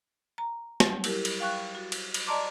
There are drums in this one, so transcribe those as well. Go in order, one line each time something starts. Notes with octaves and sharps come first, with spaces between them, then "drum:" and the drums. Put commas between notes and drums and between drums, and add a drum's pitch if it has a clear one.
A#5
F#3 G3, drum: snare
E4 G4 A#4, drum: cymbal
drum: cymbal
F5 G5 C#6 F#6
F#4
drum: cymbal
drum: cymbal
D5 D#5 A5 A#5 C6 D6